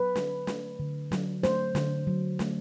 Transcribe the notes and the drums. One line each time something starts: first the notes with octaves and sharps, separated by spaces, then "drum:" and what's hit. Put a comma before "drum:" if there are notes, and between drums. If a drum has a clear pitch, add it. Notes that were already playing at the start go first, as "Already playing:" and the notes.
Already playing: F#3 B4
D3, drum: snare
A3, drum: snare
D3
F#3, drum: snare
A3 C5, drum: snare
D3, drum: snare
F#3
A3, drum: snare